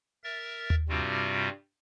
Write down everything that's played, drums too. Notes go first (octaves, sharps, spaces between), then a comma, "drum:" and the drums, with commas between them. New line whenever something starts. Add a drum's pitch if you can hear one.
A#4 E5 A6
drum: tom D#2
G2 C3 G3 C4 F4 F#4